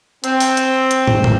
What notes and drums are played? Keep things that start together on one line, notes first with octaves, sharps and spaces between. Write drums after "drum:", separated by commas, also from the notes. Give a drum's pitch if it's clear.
C4, drum: hi-hat
drum: open hi-hat
drum: hi-hat
drum: hi-hat
drum: tom
drum: tom